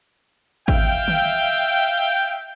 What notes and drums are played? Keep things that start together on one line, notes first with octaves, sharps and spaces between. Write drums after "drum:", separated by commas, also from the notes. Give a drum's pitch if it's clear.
E5 F5 G5, drum: kick G#1
drum: tom D3
drum: hi-hat
drum: hi-hat